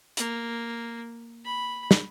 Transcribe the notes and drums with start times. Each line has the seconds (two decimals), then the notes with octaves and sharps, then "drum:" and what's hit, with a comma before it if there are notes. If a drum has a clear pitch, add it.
0.17 A#3, drum: hi-hat
1.45 B5
1.91 drum: snare